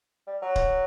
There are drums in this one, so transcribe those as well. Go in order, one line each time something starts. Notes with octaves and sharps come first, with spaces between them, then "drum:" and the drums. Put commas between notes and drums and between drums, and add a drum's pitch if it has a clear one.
G3
F#3
drum: kick D1